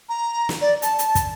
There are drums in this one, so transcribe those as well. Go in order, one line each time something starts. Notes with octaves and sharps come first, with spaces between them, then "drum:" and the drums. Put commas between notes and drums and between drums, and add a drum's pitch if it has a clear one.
A#5
drum: snare
D5
A5, drum: hi-hat
drum: hi-hat
drum: kick, hi-hat